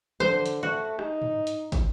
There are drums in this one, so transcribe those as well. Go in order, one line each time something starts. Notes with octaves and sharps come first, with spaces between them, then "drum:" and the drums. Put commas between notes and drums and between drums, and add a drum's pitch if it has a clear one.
D3 C5, drum: tom
drum: hi-hat
A3 F#4
D#4, drum: rim click
drum: tom
drum: hi-hat
drum: kick, hi-hat